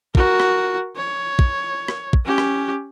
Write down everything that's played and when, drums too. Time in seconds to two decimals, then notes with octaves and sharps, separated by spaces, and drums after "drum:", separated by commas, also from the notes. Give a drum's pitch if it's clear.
0.15 F#4 A#4, drum: kick
0.40 drum: rim click
0.96 C#5
1.39 drum: kick
1.88 drum: rim click
2.13 drum: kick
2.25 C#4 G4
2.38 drum: rim click